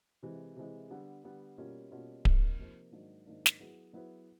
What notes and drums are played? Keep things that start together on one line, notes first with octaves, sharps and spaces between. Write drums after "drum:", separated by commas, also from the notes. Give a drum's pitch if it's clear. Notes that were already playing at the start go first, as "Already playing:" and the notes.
C3 E3 G#3
C3 E3 G#3
D3 G3 B3
D3 G3 B3
B2 G3 A#3 C#4 F4
B2 G3 A#3 C#4 F4
C3 F3 A#3 D#4, drum: kick D1
C3 F3 A#3 D#4
G#2 D#3 F#3 A#3 D4
G#2 D#3 F#3 A#3 D4
drum: snare
F#3 B3 E4 G#4 B4
F#3 B3 E4 G#4 B4